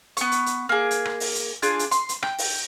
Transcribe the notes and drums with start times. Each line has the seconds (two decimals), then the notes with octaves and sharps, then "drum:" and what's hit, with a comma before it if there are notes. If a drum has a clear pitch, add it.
0.17 B3 C#6, drum: hi-hat
0.32 drum: hi-hat
0.46 drum: hi-hat
0.69 A#3 G#4
0.91 drum: hi-hat
1.05 drum: rim click
1.20 drum: open hi-hat
1.35 drum: hi-hat
1.62 D4 F4 G#4, drum: hi-hat
1.79 drum: hi-hat
1.91 C6, drum: hi-hat
2.09 drum: hi-hat
2.23 G5, drum: rim click
2.38 drum: open hi-hat